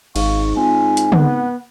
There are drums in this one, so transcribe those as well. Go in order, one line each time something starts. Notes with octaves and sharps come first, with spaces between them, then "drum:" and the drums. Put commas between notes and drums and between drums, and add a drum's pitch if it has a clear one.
G#1 G#2 F5 C#6, drum: cymbal
C4 F4 G#5
drum: hi-hat
B3 F#5, drum: tom